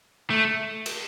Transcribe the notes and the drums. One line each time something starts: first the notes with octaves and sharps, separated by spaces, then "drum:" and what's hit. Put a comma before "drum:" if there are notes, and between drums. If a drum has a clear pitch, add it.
A3
drum: cymbal